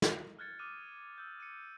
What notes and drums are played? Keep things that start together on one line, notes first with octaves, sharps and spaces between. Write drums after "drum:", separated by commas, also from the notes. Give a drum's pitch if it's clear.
drum: snare
F6 F#6 G#6 A6 C#7
D6 D#6 F6 F#6 D#7
E6 G6
C#7 D#7